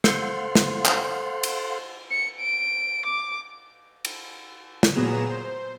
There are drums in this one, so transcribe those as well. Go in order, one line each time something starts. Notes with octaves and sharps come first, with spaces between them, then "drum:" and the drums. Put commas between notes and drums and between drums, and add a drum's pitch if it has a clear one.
A4 C5 F5 F#5 C6, drum: snare
drum: snare
drum: clap
drum: cymbal
C#7
D7
D6
drum: cymbal
drum: snare
A#2 F#3 B3 G#4 A#5 E7
C5